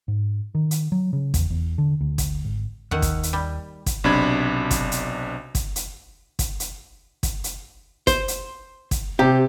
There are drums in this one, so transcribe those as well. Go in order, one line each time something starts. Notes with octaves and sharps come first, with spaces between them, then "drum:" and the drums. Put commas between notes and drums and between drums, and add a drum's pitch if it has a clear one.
G#2
D#3
drum: hi-hat
F#3
C#3
E2, drum: kick, hi-hat
E2
D3
D2
drum: kick, hi-hat
G#1
D#2 D#3 F#5
drum: kick, hi-hat
drum: hi-hat
G3
drum: kick, hi-hat
B1 C3 D4 B5 G#6
drum: kick, hi-hat
drum: hi-hat
drum: kick, hi-hat
drum: hi-hat
drum: kick, hi-hat
drum: hi-hat
drum: kick, hi-hat
drum: hi-hat
C5, drum: kick, hi-hat
drum: hi-hat
drum: kick, hi-hat
C3 G4